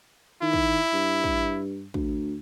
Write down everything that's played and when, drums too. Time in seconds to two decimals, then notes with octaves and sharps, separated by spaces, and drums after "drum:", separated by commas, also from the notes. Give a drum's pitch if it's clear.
0.42 D#3 E4
0.53 drum: kick
0.93 G2
1.24 drum: kick
1.94 D2, drum: kick